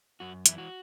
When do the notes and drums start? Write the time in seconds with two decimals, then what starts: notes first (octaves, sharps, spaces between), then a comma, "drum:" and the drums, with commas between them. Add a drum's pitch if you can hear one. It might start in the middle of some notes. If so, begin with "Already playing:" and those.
0.20 F#2 F#4
0.46 E3 E4, drum: hi-hat
0.58 F#4